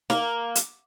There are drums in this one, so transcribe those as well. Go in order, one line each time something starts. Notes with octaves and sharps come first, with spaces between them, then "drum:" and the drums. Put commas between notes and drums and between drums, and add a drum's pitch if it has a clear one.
A#3, drum: snare
drum: hi-hat